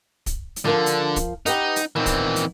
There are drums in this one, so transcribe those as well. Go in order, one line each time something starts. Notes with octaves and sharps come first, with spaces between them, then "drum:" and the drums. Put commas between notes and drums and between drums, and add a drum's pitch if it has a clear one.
drum: kick, hi-hat
drum: hi-hat
D3 F3 A#4 F5
drum: hi-hat
drum: kick, hi-hat
D#4 G4 B4 F#5, drum: hi-hat
drum: hi-hat
A#2 D#3 E3 B3 C4
drum: kick, hi-hat
drum: hi-hat